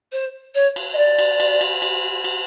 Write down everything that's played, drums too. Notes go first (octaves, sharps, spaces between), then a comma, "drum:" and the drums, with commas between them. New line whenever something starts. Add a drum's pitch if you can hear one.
C5
C#5
drum: cymbal
D#5
D5
drum: cymbal
drum: cymbal
drum: cymbal
drum: cymbal
drum: cymbal